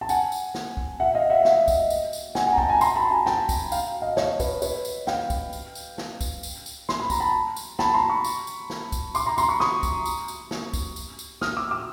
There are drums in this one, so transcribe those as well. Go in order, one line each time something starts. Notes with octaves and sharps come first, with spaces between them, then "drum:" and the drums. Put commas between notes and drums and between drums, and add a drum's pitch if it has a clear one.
A5
F#5 G#5, drum: tambourine
drum: tambourine
drum: snare
drum: kick
E5 F#5
D#5 F5
E5 F#5
F5
E5 F#5, drum: snare
drum: kick, tambourine
drum: tambourine
drum: tambourine
F#5 G#5, drum: snare
F#5 G#5
A#5
G5 A5, drum: kick
G#5 A#5
A#5 C6, drum: tambourine
A5 B5
G#5 A#5
G5 A5, drum: snare
drum: kick, tambourine
F5 G5, drum: tambourine
D#5 F5
C#5 D#5, drum: snare
B4 C#5, drum: kick, tambourine
B4 C#5, drum: tambourine
drum: tambourine
F5 G5, drum: snare
drum: kick, tambourine
drum: tambourine
drum: tambourine
drum: snare
drum: kick, tambourine
drum: tambourine
drum: tambourine
C6, drum: snare
B5
A#5, drum: kick, tambourine
A5 B5
drum: tambourine
A5 B5, drum: snare
A#5 C6
B5 C#6
drum: tambourine
drum: tambourine
drum: snare
drum: kick, tambourine
C6 D6, drum: tambourine
A#5 C6
A#5 C6, drum: tambourine
B5 C#6
C#6 D#6, drum: snare
drum: kick, tambourine
drum: tambourine
drum: tambourine
drum: snare
drum: kick, tambourine
drum: tambourine
drum: tambourine
D#6 F6, drum: snare
D6 E6
D6 E6